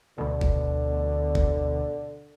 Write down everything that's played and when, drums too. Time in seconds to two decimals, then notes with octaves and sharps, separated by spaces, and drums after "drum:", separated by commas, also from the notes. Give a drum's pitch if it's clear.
0.18 D2 B2 D3
0.41 drum: kick F#1
1.35 drum: kick F#1